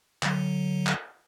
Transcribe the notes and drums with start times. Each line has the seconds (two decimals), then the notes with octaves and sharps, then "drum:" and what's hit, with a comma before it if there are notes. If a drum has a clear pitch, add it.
0.23 D3 F#3, drum: clap
0.87 drum: clap